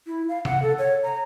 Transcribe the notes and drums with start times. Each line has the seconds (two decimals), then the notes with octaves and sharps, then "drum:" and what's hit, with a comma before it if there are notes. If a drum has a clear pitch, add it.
0.07 E4
0.29 F5
0.45 F#5, drum: tom C3
0.62 A4
0.79 C#5
1.04 A#5